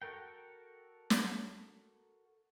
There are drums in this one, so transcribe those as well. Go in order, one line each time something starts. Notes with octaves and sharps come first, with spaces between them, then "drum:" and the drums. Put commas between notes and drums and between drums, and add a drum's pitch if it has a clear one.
F#4 A4 A#4 G5
drum: snare